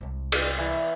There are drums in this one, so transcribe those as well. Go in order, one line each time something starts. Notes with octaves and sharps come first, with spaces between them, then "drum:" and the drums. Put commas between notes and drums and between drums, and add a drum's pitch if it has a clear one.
C2 G#3
drum: cymbal
E3